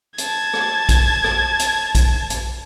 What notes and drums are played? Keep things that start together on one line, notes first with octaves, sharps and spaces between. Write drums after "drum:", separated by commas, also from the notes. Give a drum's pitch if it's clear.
A5 G#6, drum: hi-hat
drum: rim click
drum: kick A#1, hi-hat
drum: rim click
drum: hi-hat
drum: kick A#1, hi-hat
drum: hi-hat